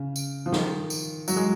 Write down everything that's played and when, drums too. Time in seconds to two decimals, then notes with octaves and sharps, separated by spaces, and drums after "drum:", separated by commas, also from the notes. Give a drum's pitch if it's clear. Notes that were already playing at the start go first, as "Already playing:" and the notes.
Already playing: C#3
0.16 drum: tambourine
0.46 F3
0.53 D#3, drum: snare
0.90 drum: tambourine
1.28 F#3, drum: tambourine
1.36 G#3